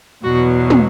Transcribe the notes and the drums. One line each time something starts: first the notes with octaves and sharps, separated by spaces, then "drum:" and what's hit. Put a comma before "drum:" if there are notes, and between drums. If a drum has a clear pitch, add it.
E2 B2 F#3 F#4
drum: tom